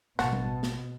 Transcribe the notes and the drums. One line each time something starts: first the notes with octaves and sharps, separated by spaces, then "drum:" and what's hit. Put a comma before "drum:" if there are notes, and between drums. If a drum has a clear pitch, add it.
A1 B2 F#4 A5, drum: snare
drum: tom
drum: snare